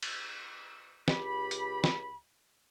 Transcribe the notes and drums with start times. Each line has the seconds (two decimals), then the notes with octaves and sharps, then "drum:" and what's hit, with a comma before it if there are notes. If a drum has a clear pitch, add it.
0.03 drum: cymbal
1.08 C#2 G4 B5, drum: snare
1.51 drum: hi-hat
1.84 drum: snare